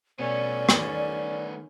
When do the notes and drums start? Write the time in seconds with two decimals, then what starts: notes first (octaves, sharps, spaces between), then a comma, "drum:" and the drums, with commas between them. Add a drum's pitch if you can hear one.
0.19 B2 A3 B3 C#4 D5
0.69 D#3, drum: rim click